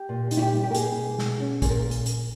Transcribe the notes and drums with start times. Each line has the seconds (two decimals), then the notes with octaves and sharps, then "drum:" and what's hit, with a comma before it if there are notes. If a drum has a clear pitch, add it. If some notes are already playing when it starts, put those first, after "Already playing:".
Already playing: G4
0.09 A#2
0.31 A#2 D#4, drum: hi-hat
0.37 E4
0.42 G4
0.53 G3
0.64 G4
0.71 A#4
0.74 A#3 G#4, drum: hi-hat
0.96 B2
1.19 B2, drum: snare
1.40 C#4
1.62 A#2 G#4, drum: kick, hi-hat
1.70 A#4
1.91 drum: hi-hat
2.06 drum: hi-hat